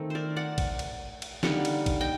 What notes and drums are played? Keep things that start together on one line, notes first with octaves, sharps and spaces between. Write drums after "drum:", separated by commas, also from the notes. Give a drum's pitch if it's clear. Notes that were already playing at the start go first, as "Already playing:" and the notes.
Already playing: D#3 A3 C4
A#4 C5 D5
D5 F#5
drum: kick A1, cymbal
drum: cymbal
drum: cymbal
D3 G3 A#3 D#4 D5 F#5, drum: snare
drum: cymbal
drum: kick A1, cymbal
D#5 G5